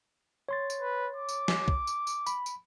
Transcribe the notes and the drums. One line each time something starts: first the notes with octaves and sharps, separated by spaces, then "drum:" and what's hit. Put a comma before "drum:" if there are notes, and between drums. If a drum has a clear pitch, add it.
C#5 C6 A6
drum: tambourine
B4
D6
drum: tambourine
drum: snare
drum: kick
drum: tambourine
drum: tambourine
B5, drum: tambourine
drum: tambourine